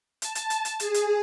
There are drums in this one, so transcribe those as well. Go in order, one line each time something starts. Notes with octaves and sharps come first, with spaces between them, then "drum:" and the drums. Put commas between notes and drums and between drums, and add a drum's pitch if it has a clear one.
A5, drum: hi-hat
drum: hi-hat
drum: hi-hat
drum: hi-hat
G#4, drum: hi-hat
drum: hi-hat